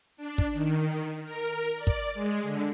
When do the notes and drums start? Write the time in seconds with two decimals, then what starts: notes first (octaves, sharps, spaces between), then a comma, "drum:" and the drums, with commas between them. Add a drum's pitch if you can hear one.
0.17 D4
0.38 drum: kick
0.53 D#3
1.24 A#4
1.76 D5
1.87 drum: kick
2.14 G#3
2.43 D3